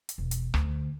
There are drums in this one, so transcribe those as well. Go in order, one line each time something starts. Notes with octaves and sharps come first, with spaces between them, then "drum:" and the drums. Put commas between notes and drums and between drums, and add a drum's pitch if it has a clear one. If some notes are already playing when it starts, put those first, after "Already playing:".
drum: hi-hat
E1
drum: hi-hat
D2, drum: rim click